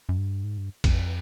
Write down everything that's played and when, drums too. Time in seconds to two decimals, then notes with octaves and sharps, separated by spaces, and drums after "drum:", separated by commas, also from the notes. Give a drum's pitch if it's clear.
0.09 F#2
0.18 G2
0.44 G#2
0.58 G2
0.84 F2, drum: kick A1, cymbal